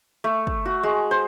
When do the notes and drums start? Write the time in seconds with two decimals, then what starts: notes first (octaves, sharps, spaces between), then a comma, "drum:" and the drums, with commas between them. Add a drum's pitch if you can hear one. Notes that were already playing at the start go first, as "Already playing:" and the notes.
0.24 A3
0.47 drum: kick
0.65 F#4
0.83 G#3
1.11 C5